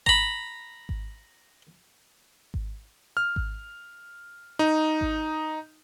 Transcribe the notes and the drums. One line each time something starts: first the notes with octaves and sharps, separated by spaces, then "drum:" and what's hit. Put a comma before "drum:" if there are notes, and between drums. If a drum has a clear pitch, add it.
A#5 B5, drum: kick G#1
drum: kick G#1
drum: kick G#1
F6
drum: kick G#1
D#4
drum: kick G#1